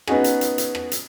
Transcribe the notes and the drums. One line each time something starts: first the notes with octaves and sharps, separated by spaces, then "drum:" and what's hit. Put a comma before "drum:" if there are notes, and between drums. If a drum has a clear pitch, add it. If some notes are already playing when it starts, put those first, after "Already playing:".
B3 C#4 D#4 F#4 G#4, drum: rim click
drum: hi-hat
drum: hi-hat
drum: hi-hat
drum: rim click
drum: hi-hat